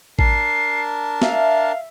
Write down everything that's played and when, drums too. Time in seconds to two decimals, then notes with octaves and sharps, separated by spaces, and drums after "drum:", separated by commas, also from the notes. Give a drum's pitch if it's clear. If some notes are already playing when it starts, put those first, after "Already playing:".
0.19 D4 A#4 A5 C7, drum: kick A1
1.22 E5 F5, drum: snare